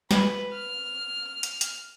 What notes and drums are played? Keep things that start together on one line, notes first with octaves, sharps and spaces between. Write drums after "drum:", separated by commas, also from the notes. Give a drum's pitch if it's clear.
B4, drum: snare
F6
drum: hi-hat
drum: hi-hat